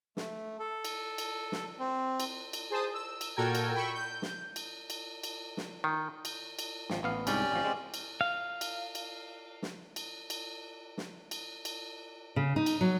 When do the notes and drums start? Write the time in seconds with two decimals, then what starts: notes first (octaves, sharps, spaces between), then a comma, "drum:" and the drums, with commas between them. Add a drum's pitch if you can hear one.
0.17 A3, drum: snare
0.59 A4
0.85 drum: cymbal
1.18 drum: cymbal
1.52 drum: snare
1.79 C4
2.20 drum: cymbal
2.53 drum: cymbal
2.70 G#4 C5 A5 D#6
2.94 E6
3.21 drum: cymbal
3.36 A#2 F#4 A4 A#4 G5 G#6
3.55 drum: cymbal
3.74 G5 B5 C#6 E6
3.94 G6
4.22 drum: snare
4.56 drum: cymbal
4.90 drum: cymbal
5.24 drum: cymbal
5.57 drum: snare
5.84 D#3
6.25 drum: cymbal
6.59 drum: cymbal
6.90 G#1 F3, drum: snare
7.03 A1 B3 F5
7.27 C2 G#2 C#4 G4 D5, drum: cymbal
7.52 A1 F3
7.65 G#3 C4
7.94 drum: cymbal
8.21 F5
8.61 drum: cymbal
8.95 drum: cymbal
9.62 drum: snare
9.96 drum: cymbal
10.30 drum: cymbal
10.98 drum: snare
11.31 drum: cymbal
11.65 drum: cymbal
12.36 C#3
12.56 D#4
12.66 drum: cymbal
12.81 F#3